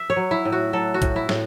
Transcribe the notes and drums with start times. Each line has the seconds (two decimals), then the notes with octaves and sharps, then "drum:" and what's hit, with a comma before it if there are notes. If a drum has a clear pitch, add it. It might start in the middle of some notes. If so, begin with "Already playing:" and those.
Already playing: E5
0.10 C#5
0.16 F#3
0.31 E4
0.45 A2
0.52 F#4
0.73 F#3 A4
0.94 F#4
1.02 A2, drum: kick A#1, hi-hat
1.16 E4
1.29 A2, drum: snare